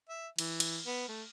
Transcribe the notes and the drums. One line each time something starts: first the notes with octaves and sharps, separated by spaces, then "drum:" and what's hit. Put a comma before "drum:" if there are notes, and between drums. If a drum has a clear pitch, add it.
E5
E3, drum: cymbal
drum: cymbal
B3
A3